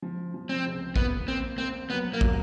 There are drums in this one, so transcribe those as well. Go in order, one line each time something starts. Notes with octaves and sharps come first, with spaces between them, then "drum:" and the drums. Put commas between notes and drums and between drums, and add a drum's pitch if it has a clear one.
F3
F3
C4
C#2
A#3 B3, drum: kick
A#3 C4
A#3 C4
F#3 B3
A#3
F#3, drum: kick